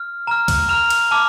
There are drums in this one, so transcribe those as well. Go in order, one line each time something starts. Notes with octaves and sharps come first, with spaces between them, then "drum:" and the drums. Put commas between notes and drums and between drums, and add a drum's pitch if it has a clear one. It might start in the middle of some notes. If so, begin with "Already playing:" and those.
Already playing: F6
A#5 F6
drum: kick, cymbal
A#5 F6 F7
drum: cymbal
A5 D6 F6